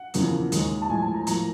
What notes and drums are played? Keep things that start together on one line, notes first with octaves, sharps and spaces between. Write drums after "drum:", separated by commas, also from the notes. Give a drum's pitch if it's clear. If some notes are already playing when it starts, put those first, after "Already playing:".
Already playing: F#5
E2 C#3 F3 A#3, drum: hi-hat
D#2 D#3 G#3, drum: hi-hat
A5
A2 F3 G#3 G#5
A5
A#5
A2 F3 A#3 A#5, drum: hi-hat